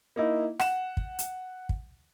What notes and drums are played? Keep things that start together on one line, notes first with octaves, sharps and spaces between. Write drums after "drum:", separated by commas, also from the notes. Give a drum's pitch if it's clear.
A#3 D#4 E4
F#5 E7, drum: rim click
drum: kick
drum: hi-hat
drum: kick